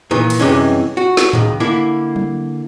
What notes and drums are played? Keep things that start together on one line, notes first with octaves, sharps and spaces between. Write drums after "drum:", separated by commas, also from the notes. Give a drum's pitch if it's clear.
A#2 D#3 E3
drum: cymbal
F#2 C3 E3 G3 G#3 C#4
F#4
drum: snare
C#2 D#3, drum: tom G#2
D3 A#3 E4
drum: tom